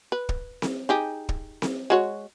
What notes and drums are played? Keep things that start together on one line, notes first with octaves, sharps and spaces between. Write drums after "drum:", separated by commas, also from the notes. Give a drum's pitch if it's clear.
B4
drum: kick
drum: snare C4
D#4 G4 G#4
drum: kick
drum: snare C4
G#3 F#4 C#5